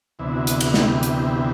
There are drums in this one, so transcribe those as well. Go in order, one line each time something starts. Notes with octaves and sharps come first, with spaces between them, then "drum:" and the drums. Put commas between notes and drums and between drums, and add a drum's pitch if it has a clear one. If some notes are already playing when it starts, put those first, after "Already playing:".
D2 C3 E3 B3 E4
F#4
F#4, drum: hi-hat
F#4, drum: cymbal
G4, drum: snare
drum: hi-hat